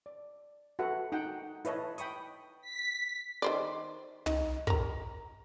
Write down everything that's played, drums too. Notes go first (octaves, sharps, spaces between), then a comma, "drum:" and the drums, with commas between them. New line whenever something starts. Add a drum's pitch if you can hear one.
D5
F#4 A4 B4 E5 F#5
D#4 F#5 G5
E4 B4 C#5 D#5 A5, drum: hi-hat
G5 B5 C#6 D#6, drum: hi-hat
B6
D#3 C5 D5
D#4, drum: tom
A#4 A#5, drum: kick